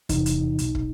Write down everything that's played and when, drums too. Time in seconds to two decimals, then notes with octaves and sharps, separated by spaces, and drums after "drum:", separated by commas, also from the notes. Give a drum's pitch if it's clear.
0.09 E2 C3 E3 D#4, drum: kick, hi-hat
0.26 drum: hi-hat
0.58 B1 B2, drum: hi-hat
0.75 drum: kick